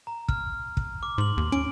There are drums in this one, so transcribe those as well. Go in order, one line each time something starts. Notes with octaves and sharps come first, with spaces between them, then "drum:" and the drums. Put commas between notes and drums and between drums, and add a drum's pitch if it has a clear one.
A#5
F6, drum: kick
drum: kick
D6
G#2 C6 F#7
D#2
C#4 D7